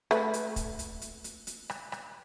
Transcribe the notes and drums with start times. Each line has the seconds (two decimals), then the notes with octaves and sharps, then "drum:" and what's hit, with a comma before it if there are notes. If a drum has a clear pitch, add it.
0.11 A3 B4, drum: rim click
0.33 drum: hi-hat
0.56 drum: kick, hi-hat
0.79 drum: hi-hat
1.01 drum: hi-hat
1.24 drum: hi-hat
1.47 drum: hi-hat
1.70 drum: rim click
1.92 drum: rim click